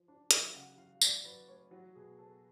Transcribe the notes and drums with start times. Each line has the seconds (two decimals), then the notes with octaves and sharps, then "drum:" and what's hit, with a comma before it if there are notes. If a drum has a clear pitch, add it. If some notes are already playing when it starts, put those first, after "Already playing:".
Already playing: F3
0.08 D4
0.31 F#3 F5, drum: hi-hat
0.54 C#3 F#5
0.77 F#3 F5
1.01 F#3 D5, drum: tambourine
1.25 F#3 B4
1.48 A3 C#5
1.71 F#3 F#4
1.95 B2 G#4
2.18 B3 A4